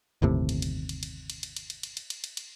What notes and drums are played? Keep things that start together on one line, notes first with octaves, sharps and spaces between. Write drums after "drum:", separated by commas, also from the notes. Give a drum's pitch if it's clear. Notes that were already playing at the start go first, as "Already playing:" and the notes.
G1 D#2 A2 C3
drum: cymbal
drum: cymbal
drum: cymbal
drum: cymbal
drum: cymbal
drum: cymbal
drum: cymbal
drum: cymbal
drum: cymbal
drum: cymbal
drum: cymbal
drum: cymbal
drum: cymbal